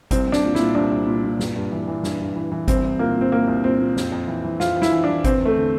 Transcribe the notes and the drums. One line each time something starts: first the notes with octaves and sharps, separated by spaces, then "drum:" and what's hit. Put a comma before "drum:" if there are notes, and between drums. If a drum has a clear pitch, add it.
C2 C4, drum: kick G1, hi-hat
C2
D4, drum: snare
A#2
A#2 E4, drum: snare
C2 D4
C2
A#2
A#2
G2, drum: snare
G2
E3
E3
G2, drum: snare
G2
E3
E3
C2 C4, drum: kick G1, hi-hat
C2
A#2 A#3
A#2 C4
C2 A#3
C2
A#2 C4
A#2
F2, drum: snare
F2
E3
E3
F2 F4, drum: snare
F2
E4, drum: snare
E3
E3 D4
E2 C4, drum: kick G1, hi-hat
E2 A3
D3